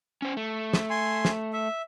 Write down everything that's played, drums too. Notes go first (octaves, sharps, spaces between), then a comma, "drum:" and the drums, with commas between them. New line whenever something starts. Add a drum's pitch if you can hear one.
C#4 C5
A3
drum: snare
G#5 C6
drum: snare
E5